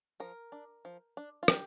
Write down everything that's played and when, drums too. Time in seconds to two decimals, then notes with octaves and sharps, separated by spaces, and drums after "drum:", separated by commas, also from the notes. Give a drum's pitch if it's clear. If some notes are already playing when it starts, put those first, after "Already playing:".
0.20 F3 A#4
0.52 D4
0.85 F3
1.17 D4
1.43 F4
1.48 G3 G4, drum: rim click